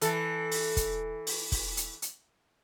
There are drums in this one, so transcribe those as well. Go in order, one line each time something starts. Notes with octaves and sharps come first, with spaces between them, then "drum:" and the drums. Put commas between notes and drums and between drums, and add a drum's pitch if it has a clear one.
E3 A4, drum: hi-hat
drum: open hi-hat
drum: kick, hi-hat
drum: open hi-hat
drum: kick, open hi-hat
drum: hi-hat
drum: hi-hat